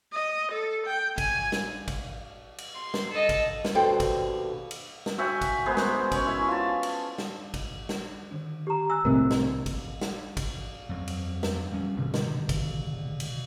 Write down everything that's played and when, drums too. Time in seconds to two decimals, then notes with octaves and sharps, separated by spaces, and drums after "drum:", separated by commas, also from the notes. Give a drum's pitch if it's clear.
0.13 D#5
0.52 A4
0.87 G5
1.18 G#5, drum: kick, cymbal
1.52 drum: snare
1.88 drum: kick, cymbal
2.58 drum: cymbal
2.74 C6
2.94 drum: snare
3.11 A4 D#5
3.29 drum: kick, cymbal
3.65 drum: snare
3.75 D#2 B2 D4 A4 C5 G5
4.00 drum: kick, cymbal
4.71 drum: cymbal
5.06 drum: snare
5.18 F#4 E5 G5 G#5
5.41 drum: kick, cymbal
5.66 G#3 B3 A#4 C5
5.77 drum: snare
6.12 C#4 C#5, drum: kick, cymbal
6.26 E4
6.48 F4 A5
6.83 drum: cymbal
7.18 drum: snare
7.54 drum: kick, cymbal
7.89 drum: snare
8.31 D3 D#3 D4
8.67 G4 A#5
8.90 G#5 A#5 E6 F#6
9.05 C2 A2 C3 F3 A#3 C4 A#4
9.31 drum: snare
9.66 drum: kick, cymbal
10.01 drum: snare
10.37 drum: kick, cymbal
10.89 F2 F#3
11.08 drum: cymbal
11.43 drum: snare
11.72 G3 C#4
11.97 F1 B2 D3 D#3
12.14 drum: snare
12.49 drum: kick, cymbal
13.20 drum: cymbal